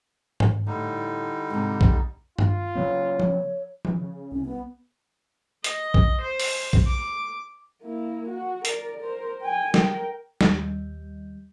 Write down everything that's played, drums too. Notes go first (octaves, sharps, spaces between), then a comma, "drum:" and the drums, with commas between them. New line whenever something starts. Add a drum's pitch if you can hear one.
drum: tom G#2
A2 D3 G3 D#4
G#2 C3
drum: kick
F4, drum: tom G2
C#3 F#3 B3 C#5
drum: tom F3
E3, drum: tom F3
C#3
C2 C#4
B3
D#5, drum: hi-hat
drum: kick
C5
drum: open hi-hat
drum: kick
D6
A#3 E4
F#4
A#4 D5, drum: hi-hat
A#4 C5
G5 G#5
A#4 G5, drum: snare
D#2 G3, drum: snare